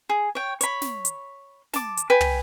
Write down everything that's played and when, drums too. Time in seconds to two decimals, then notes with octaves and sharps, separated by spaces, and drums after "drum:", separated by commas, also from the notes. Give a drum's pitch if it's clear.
0.09 G#4
0.35 C#5 G5
0.61 C#5 B5, drum: hi-hat
0.82 drum: snare
1.05 drum: hi-hat
1.74 A5 D6, drum: snare
1.97 drum: hi-hat
2.10 B4 G5 G#5
2.21 drum: tom